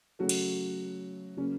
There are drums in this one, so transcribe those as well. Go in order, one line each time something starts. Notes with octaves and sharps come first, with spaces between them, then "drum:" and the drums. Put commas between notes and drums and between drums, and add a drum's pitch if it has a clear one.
C#3 F#3 A3 F#4
drum: cymbal
C#3 F#3 A#3 C#4